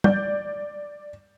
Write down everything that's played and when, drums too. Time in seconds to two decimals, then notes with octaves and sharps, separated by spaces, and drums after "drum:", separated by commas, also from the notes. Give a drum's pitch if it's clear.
0.04 D5 G6, drum: tom